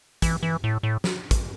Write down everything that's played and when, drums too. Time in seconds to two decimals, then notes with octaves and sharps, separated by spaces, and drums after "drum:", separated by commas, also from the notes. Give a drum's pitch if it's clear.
0.22 E3, drum: kick, hi-hat
0.43 E3
0.64 A2
0.83 A2
1.04 drum: snare
1.31 drum: kick, hi-hat